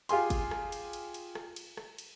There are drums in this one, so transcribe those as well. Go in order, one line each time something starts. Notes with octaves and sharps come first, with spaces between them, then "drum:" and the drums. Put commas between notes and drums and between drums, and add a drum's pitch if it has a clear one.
F4 G4 G#4 C6, drum: cymbal
drum: kick, cymbal
drum: rim click
drum: cymbal
drum: cymbal
drum: cymbal
drum: rim click
drum: cymbal
drum: rim click
drum: cymbal